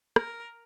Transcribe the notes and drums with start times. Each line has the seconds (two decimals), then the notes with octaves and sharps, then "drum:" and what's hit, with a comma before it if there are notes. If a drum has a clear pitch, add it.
0.16 A#4, drum: rim click